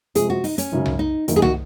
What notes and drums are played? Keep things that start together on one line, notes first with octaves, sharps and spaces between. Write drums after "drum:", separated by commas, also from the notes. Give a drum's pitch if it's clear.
C3 F3 G#3 G#4, drum: hi-hat
F#4
D#4, drum: open hi-hat
C#4, drum: hi-hat
G#1 F#2 C#3 F#3
drum: tom C2
D#4
F#1 F#2 D#3 A#3, drum: hi-hat
G#4
F#4, drum: tom C2